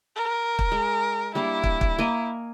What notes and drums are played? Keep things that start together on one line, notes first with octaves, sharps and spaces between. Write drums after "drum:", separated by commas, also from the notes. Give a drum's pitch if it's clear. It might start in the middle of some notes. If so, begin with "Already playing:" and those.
A#4
drum: kick
G#3
G3 A#3 D4 E4
drum: kick
drum: kick
A#3 D#5 G#5